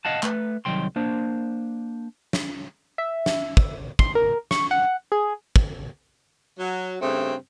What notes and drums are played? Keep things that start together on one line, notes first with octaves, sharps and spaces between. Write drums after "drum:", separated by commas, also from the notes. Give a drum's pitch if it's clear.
D#5 F5 F#5 A5
A3 B4, drum: clap
C2 G#2 D#3 F#3 G5 C6
A#3 D4 C5
drum: snare
E5
drum: snare
drum: kick
C6, drum: kick
A#4
C#6, drum: snare
F#5
G#4
drum: kick
F#3
G2 C#3 A3 C4